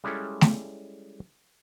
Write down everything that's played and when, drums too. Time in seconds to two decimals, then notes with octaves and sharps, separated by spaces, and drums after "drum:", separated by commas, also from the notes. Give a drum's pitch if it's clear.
0.04 G3 G#3 C#4 E4 G#4 A4
0.41 drum: snare A3